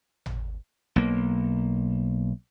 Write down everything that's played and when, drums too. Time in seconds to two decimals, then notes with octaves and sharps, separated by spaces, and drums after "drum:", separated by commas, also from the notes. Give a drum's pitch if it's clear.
0.26 drum: tom G#1
0.96 B1 A#3